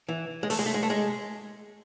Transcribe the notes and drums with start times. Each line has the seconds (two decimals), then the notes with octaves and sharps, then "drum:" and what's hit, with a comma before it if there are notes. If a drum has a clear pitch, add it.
0.09 E3
0.43 G#3
0.50 A3, drum: open hi-hat
0.59 G#3
0.66 A3
0.74 G#3
0.83 A3
0.90 G#3